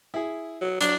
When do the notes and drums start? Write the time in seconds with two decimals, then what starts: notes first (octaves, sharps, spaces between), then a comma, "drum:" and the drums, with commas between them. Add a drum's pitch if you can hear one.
0.14 E4 G#4
0.61 F#3
0.81 F#3 D4, drum: hi-hat